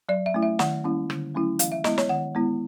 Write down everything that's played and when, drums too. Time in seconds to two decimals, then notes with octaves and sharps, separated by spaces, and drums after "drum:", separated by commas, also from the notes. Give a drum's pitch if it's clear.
0.09 F#3 D5
0.26 E5
0.34 A3 C#4 E4
0.43 E5
0.59 D#3 F#5, drum: snare
0.84 G3 A#3 C#4 E4
1.10 D3, drum: rim click
1.35 F#3 A3 C#4 E4
1.59 E3 F5, drum: hi-hat
1.72 E5
1.84 G#3 B3 E4 D#5, drum: snare
1.98 C#5, drum: snare
2.09 D#3 F#5
2.35 G#3 B3 E4